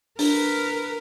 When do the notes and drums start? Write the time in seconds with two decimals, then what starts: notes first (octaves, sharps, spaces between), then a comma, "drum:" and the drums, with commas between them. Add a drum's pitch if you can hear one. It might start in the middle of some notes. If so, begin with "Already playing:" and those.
0.19 D4 A#4 B4, drum: open hi-hat